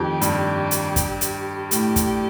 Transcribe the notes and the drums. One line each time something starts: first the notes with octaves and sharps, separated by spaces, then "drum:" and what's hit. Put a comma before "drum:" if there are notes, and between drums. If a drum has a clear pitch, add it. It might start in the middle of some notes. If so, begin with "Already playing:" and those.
Already playing: F2 D#3 G4
G2, drum: hi-hat
drum: hi-hat
drum: kick, hi-hat
drum: hi-hat
A2 G4, drum: hi-hat
drum: kick, hi-hat